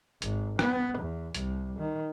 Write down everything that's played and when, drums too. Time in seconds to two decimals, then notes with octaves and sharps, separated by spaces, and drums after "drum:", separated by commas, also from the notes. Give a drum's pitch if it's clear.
0.22 G#1, drum: hi-hat
0.59 B3, drum: rim click
0.99 E2
1.35 C2, drum: hi-hat
1.79 D#3